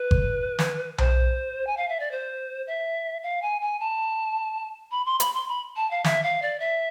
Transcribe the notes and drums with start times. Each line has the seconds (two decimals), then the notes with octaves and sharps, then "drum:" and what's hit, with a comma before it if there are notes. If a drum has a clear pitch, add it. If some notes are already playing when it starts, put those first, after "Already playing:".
Already playing: B4
0.11 drum: kick G1
0.59 drum: snare
0.98 C5, drum: tom B1
1.67 G#5
1.77 F5
1.89 E5
2.00 D5
2.11 C5
2.67 E5
3.23 F5
3.42 G#5
3.61 G#5
3.80 A5
4.91 B5
5.06 C6
5.20 B5, drum: hi-hat
5.34 C6
5.48 B5
5.76 A5
5.91 F5
6.04 E5, drum: snare
6.23 F5
6.42 D5
6.60 E5